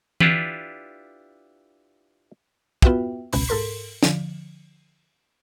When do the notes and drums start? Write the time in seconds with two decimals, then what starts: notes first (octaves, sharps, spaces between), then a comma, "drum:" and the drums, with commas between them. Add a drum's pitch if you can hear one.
0.20 D4 E4 F4 G4 B4, drum: tom E3
2.82 B3 F4 F#4 B4 E5 G5, drum: kick
3.33 G#1 C#2 B2 B5, drum: open hi-hat
3.48 G#2 A4 A#4 C6 B6
4.03 D3 F3, drum: snare